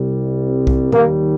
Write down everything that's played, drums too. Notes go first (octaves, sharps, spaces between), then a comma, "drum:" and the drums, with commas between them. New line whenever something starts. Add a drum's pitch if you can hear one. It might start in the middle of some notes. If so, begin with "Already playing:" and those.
Already playing: C2 C3 G3
drum: kick B1
D#2 D#3 G3 A#3, drum: tom